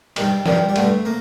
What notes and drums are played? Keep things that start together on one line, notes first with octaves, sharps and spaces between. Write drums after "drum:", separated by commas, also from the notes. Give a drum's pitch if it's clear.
G2 D#3 G3, drum: cymbal
G2 D#3 G3, drum: snare
G3
G2 D3 A3, drum: cymbal
A#3